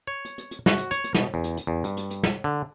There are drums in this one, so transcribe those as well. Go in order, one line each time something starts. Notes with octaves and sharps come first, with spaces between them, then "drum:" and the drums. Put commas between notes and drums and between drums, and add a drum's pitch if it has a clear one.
C#5
drum: hi-hat
drum: hi-hat
drum: hi-hat
F#4, drum: snare
drum: hi-hat
C#5, drum: hi-hat
drum: hi-hat
B2, drum: snare
E2
drum: hi-hat
drum: hi-hat
E2
G2, drum: hi-hat
drum: hi-hat
drum: hi-hat
drum: snare
D3